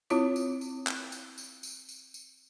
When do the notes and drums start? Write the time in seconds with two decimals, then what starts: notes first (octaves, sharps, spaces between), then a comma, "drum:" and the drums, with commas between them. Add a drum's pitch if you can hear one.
0.10 C4 E4 F4 C#5 D6, drum: tambourine
0.36 drum: tambourine
0.61 drum: tambourine
0.87 drum: clap
1.12 drum: tambourine
1.38 drum: tambourine
1.63 drum: tambourine
1.89 drum: tambourine
2.14 drum: tambourine